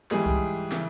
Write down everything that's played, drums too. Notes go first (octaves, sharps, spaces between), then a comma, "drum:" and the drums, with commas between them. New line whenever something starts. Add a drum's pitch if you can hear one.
G#2 E3 G3 G#4, drum: clap
drum: kick C2, tambourine
C#3 E3, drum: clap